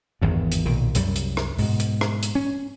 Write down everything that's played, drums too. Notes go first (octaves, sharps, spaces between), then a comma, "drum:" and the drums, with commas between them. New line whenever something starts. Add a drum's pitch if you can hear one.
G#1 E2 G2
drum: hi-hat
B1 A#2 D#3
C2 F#2 G3, drum: hi-hat
drum: hi-hat
drum: rim click
G#2 B2, drum: open hi-hat
drum: hi-hat
drum: rim click
drum: hi-hat
C#4